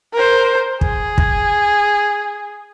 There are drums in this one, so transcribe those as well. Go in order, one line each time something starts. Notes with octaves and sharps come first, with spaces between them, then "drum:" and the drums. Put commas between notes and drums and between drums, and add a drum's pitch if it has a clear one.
A#4 C5
G#4, drum: kick
drum: kick